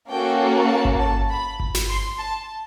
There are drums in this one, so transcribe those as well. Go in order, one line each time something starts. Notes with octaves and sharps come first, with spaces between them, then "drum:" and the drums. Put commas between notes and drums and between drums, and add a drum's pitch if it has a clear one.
A#3 C#4 F#4 A4 G5
A5
drum: kick G1
A5
B5
drum: kick G1
drum: snare
C6
A5